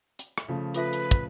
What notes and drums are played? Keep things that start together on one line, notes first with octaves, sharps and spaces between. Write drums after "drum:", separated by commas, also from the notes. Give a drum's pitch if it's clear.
drum: hi-hat
drum: rim click
C#3 F3 A3
F4 A4 B4 E5, drum: hi-hat
drum: hi-hat
drum: kick, hi-hat